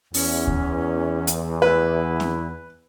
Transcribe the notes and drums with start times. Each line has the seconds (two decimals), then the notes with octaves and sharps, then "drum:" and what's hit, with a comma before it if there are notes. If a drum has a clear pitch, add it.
0.14 E2 C#4, drum: open hi-hat
0.47 drum: kick D2
1.27 drum: hi-hat
1.62 E4 B4
2.20 drum: snare C4